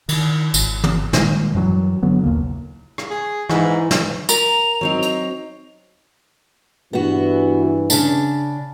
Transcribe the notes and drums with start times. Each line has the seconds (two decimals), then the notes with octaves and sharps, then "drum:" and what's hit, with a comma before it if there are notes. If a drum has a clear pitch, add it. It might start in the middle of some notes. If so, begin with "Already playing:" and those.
0.09 D#3, drum: cymbal
0.54 G#1, drum: tambourine
0.84 drum: tom
1.13 A#2 D#3 G3 G#3, drum: snare
1.55 F#2 E3 F#3 G3
2.03 D3 F#3 B3
2.23 A#1 D#2 C#3 A#3
2.98 drum: rim click
3.11 G#4
3.50 G#2 E3, drum: rim click
3.91 drum: snare
4.29 A#4 F7, drum: tambourine
4.81 F#3 C4 D#4
5.02 drum: hi-hat
6.93 G2 E3 B3 F#4
7.90 C#3 D4, drum: tambourine